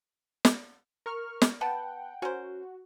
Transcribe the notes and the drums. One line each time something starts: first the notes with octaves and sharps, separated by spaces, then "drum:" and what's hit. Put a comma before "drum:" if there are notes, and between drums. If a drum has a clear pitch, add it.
drum: snare
A#4 C#6 F6
drum: snare
B3 B4 F#5 G5 A5
C#4 F#4 A#4 C5